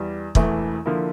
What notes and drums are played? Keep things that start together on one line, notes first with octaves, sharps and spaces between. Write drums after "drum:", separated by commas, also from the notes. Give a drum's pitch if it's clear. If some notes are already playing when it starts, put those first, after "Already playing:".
Already playing: E2 G3
E1 E2 E3 A3 E4, drum: kick
D3 F3 A#3 E4